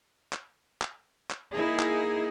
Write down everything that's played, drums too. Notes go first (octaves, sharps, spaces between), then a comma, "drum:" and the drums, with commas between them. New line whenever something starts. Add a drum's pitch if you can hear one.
drum: clap
drum: clap
drum: clap
A#3 D#4 E4 G#4
drum: clap